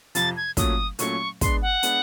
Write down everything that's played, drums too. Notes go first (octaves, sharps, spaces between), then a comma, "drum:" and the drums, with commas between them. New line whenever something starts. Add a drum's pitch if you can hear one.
F2 C3 F3 A6, drum: hi-hat
G#6
A#2 F#3 A3 C#4 D#6, drum: kick, hi-hat
A#2 F#3 A3 C#4 C#6, drum: hi-hat
G#3 B3 D4 C6, drum: kick, hi-hat
F#5
G#3 B3 D4, drum: hi-hat